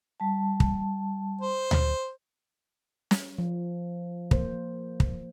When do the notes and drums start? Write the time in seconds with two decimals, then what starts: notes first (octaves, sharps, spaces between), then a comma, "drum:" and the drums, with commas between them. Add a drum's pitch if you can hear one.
0.20 G3 A5
0.60 drum: kick
1.41 C5
1.71 drum: tom D2
3.11 drum: snare
3.38 F3
4.31 A#3 C5, drum: kick
5.00 drum: kick